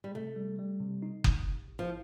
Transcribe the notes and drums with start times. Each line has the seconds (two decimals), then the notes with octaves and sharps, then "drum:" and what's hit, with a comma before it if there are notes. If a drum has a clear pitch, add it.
0.04 G3
0.14 C3 A3
0.36 G3
0.59 G3
0.80 C3
1.02 D#4
1.24 C3, drum: kick F#1
1.46 A1
1.68 A1
1.79 F3